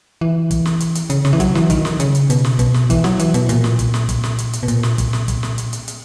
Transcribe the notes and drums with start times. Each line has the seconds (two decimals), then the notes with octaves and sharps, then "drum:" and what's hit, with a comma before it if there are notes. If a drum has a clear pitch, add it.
0.21 E3
0.51 drum: kick, hi-hat
0.66 drum: snare
0.80 drum: hi-hat
0.95 drum: hi-hat
1.10 C#3, drum: hi-hat
1.25 C#3, drum: snare
1.33 E3
1.40 F#3, drum: kick, hi-hat
1.55 E3, drum: snare
1.70 D#3, drum: kick, hi-hat
1.85 drum: snare
2.00 C#3, drum: hi-hat
2.15 drum: hi-hat
2.30 B2, drum: hi-hat
2.45 drum: snare
2.59 B2, drum: kick, hi-hat
2.74 drum: snare
2.90 E3, drum: kick, hi-hat
3.04 F#3, drum: snare
3.19 E3, drum: hi-hat
3.34 B2, drum: hi-hat
3.49 A#2, drum: hi-hat
3.64 drum: snare
3.79 drum: kick, hi-hat
3.94 drum: snare
4.09 drum: kick, hi-hat
4.24 drum: snare
4.38 drum: hi-hat
4.53 drum: hi-hat
4.63 B2
4.68 A#2, drum: hi-hat
4.83 drum: snare
4.98 drum: kick, hi-hat
5.13 drum: snare
5.28 drum: kick, hi-hat
5.43 drum: snare
5.58 drum: hi-hat
5.73 drum: hi-hat
5.88 drum: hi-hat